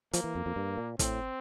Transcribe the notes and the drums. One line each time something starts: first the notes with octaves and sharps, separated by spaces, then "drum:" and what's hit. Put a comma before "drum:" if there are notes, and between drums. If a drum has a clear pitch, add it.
F3 A#3, drum: hi-hat
E3
F2
F2
G2
A#2
A2 C4, drum: kick, hi-hat